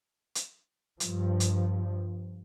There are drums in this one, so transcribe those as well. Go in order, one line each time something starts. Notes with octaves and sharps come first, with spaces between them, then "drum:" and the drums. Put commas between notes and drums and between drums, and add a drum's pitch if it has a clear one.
drum: hi-hat
G2 F3, drum: hi-hat
drum: hi-hat